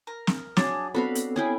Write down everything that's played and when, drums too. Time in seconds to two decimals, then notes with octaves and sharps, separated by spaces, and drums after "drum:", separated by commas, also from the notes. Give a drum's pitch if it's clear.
0.07 A#4
0.27 drum: snare
0.57 F#3 D4 G#4, drum: snare
0.95 B3 C4 D4 F#4 A4 F5 B5
1.15 drum: hi-hat
1.36 C#4 E4 G#4 G5